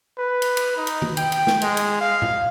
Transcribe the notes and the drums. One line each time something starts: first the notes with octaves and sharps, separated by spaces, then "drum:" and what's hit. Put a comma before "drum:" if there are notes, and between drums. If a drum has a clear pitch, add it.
B4
drum: cymbal
drum: cymbal
D#4
drum: cymbal
drum: tom
G5, drum: cymbal
drum: cymbal
drum: snare
G#3, drum: cymbal
drum: cymbal
F5
drum: tom A2